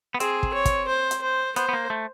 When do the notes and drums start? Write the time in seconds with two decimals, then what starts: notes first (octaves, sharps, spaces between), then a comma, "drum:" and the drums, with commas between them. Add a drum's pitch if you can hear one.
0.14 B3
0.20 C4 G#4, drum: hi-hat
0.43 drum: kick
0.54 C#5
0.65 drum: kick, hi-hat
0.88 C5
1.11 drum: hi-hat
1.22 C5
1.56 B3 C5, drum: hi-hat
1.69 B3
1.73 A#3
1.90 A3